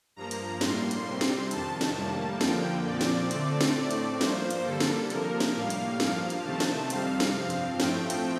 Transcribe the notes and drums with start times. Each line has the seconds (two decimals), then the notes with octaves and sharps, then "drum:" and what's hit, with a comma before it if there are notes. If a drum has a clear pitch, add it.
0.16 G2 F3 A#3 A#5
0.31 drum: hi-hat
0.61 A2 G3 A#3 C6, drum: snare
0.91 drum: hi-hat
1.06 C3 G3 C4 C6
1.21 drum: snare
1.51 F2 C3 D#3 A5, drum: hi-hat
1.81 drum: snare
1.96 A2 G3 A#3
2.41 F2 D3 F3 A#3 G5, drum: snare
2.86 A#2 F3 C4 D5
3.01 drum: snare
3.31 D3 A3 C4, drum: hi-hat
3.61 drum: snare
3.75 A2 A3 C4
3.91 drum: hi-hat
4.21 G2 F3 A#3 C5, drum: snare
4.51 drum: hi-hat
4.65 D3 G3 A#3 A4
4.80 drum: snare
5.10 C3 F3 A#3 A#4, drum: hi-hat
5.40 drum: snare
5.55 A2 G3 A#3 F5
5.70 drum: hi-hat
6.00 G2 F3 A#3 F5, drum: snare
6.30 drum: hi-hat
6.45 C3 D#3 A3 C4 A5
6.60 drum: snare
6.90 F2 C3 G3 C4 F5, drum: hi-hat
7.20 drum: snare
7.35 G2 F3 C4 F5
7.50 drum: hi-hat
7.80 A2 F3 A3 C4 G5, drum: snare
8.10 drum: hi-hat